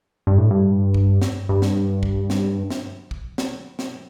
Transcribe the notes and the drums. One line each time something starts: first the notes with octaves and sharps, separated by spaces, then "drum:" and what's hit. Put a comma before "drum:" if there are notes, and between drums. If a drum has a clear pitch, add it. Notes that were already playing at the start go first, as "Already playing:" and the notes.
G2
A2
G2
drum: kick
drum: snare
G2
drum: snare
drum: kick
drum: snare
drum: snare
drum: kick
drum: snare
drum: snare